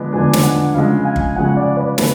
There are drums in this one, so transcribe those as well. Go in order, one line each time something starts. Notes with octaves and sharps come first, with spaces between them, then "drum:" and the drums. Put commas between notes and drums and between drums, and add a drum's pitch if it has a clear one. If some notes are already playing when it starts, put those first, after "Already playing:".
Already playing: D3 F3 G#3 B3 D4
D3 F3 G#3 B3 D4 G#5
drum: snare
F#5
C#3 F3 G#3 F5
G#5
drum: kick G1
C#3 F3 G#3 F#5
D5
B4
B3 B4, drum: snare